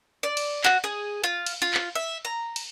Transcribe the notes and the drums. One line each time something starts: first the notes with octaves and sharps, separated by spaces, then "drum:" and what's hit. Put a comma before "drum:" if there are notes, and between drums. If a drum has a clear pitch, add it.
D5
drum: cymbal
F#4, drum: clap
G#4
F4
drum: cymbal
F4
drum: clap
E5
A#5
drum: cymbal